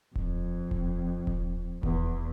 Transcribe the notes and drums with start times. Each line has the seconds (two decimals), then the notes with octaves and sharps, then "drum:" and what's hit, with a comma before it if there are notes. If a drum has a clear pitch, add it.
0.15 F2, drum: kick D#1
0.71 drum: kick D#1
1.27 drum: kick D#1
1.83 E2, drum: kick D#1